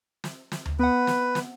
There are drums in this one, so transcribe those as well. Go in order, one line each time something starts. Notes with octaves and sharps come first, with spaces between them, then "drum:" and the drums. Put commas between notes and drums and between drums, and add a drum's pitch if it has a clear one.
drum: snare
drum: snare
drum: tom D2
B3 B4 F#5
drum: snare
drum: snare